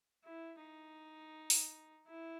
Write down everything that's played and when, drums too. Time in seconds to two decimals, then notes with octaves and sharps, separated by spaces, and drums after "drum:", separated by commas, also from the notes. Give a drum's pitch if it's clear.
0.24 E4
0.60 D#4
1.50 drum: open hi-hat
2.08 E4